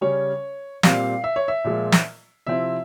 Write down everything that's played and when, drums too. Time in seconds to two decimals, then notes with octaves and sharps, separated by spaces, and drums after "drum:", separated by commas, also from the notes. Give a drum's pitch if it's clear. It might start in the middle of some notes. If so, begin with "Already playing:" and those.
0.01 C#3 G3 C#4 C#5
0.83 A#2 G3 C4 F5, drum: snare
1.24 E5
1.36 C#5
1.48 E5
1.64 A#2 F3 G#3
1.92 drum: snare
2.47 C3 F3 C4 E4 E5